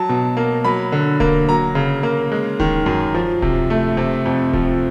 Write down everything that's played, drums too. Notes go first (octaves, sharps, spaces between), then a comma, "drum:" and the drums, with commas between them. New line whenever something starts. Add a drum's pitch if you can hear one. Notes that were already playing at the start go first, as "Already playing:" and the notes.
Already playing: F#3 A5
B2
A#3
F#3 B5
D3
A#3, drum: kick D1
F#3 A#5
C#3
A#3
G#3
D#3, drum: kick D1
F#2
F3
C3, drum: kick D1
A3
C3
F2
F3, drum: kick D1